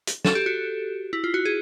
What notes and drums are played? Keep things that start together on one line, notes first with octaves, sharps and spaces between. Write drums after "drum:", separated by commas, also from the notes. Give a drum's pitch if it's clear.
drum: hi-hat
A4, drum: snare
G4
F#4
E4
F4
F#4
G#4